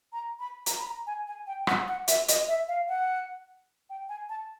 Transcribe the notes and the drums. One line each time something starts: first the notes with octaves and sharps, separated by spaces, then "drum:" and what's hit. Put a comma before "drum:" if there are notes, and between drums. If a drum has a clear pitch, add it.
A#5
B5
A#5, drum: hi-hat
B5
A#5
G#5
G#5
G5
F#5, drum: rim click
F#5
E5, drum: hi-hat
D#5, drum: hi-hat
E5
F5
F#5
G5
G#5
A5